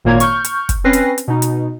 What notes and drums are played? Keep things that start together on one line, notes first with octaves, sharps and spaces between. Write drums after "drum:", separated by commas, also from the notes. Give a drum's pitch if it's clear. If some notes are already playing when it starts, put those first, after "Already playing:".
G#1 A#2 A#3 C#5 A#5 G#6
C#6 F6 G6, drum: hi-hat
drum: hi-hat
drum: kick, hi-hat
C4 C#4 B4 A#6 C7
drum: hi-hat
drum: hi-hat
B2 D#4
drum: hi-hat